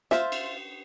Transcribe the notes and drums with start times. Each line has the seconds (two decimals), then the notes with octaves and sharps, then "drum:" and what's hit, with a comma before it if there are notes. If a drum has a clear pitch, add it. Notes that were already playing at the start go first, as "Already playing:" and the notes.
0.11 F4 C5 E5, drum: snare
0.32 drum: cymbal